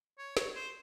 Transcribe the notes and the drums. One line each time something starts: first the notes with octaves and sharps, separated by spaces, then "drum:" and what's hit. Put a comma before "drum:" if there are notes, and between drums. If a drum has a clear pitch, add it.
C#5
C#5, drum: snare
C5